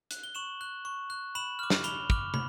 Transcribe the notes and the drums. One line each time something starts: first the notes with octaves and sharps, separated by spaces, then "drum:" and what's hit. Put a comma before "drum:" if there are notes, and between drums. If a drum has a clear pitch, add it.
F#6, drum: hi-hat
G7
C#6 E7 F#7
F#6
C#6
F#6
B5 E7 F#7
D6 F6
drum: snare
B5 F7 G7, drum: hi-hat
D6 F6, drum: kick
B5, drum: tom